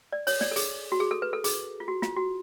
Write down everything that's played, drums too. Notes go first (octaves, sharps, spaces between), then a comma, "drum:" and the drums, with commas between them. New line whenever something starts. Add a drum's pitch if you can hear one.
D5
C#5, drum: open hi-hat
D5, drum: snare
A4
G#4, drum: hi-hat
F#4
G#4
A4
B4
A4
G#4, drum: hi-hat
F4
F#4
F4, drum: snare
F#4